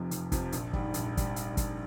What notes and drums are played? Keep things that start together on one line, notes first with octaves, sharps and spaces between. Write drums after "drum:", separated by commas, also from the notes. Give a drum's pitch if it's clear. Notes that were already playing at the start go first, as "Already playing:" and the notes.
Already playing: F1 F2 C3 F3
F1, drum: hi-hat
F2 C3 F3, drum: kick F#1, hi-hat
A#1, drum: hi-hat
G#2 G3, drum: kick F#1
A#1, drum: hi-hat
G3, drum: kick F#1, hi-hat
drum: hi-hat
drum: kick F#1, hi-hat